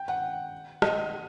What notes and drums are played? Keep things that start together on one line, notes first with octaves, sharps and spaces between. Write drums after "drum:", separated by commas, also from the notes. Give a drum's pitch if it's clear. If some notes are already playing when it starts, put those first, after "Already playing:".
Already playing: G5
F#5
D#5, drum: rim click